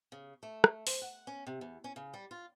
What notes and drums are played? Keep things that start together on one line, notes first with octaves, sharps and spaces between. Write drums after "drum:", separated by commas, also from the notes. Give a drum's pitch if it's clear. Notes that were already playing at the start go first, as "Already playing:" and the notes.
C#3
A3
drum: rim click
C5, drum: open hi-hat
F#5
C#4
C3
E2
C#4
C#3
G3
F4